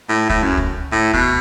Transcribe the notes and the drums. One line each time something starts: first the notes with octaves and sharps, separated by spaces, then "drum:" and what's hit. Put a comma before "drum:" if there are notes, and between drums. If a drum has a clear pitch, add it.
A2
A2, drum: kick
F#2
drum: kick
A2
B2, drum: kick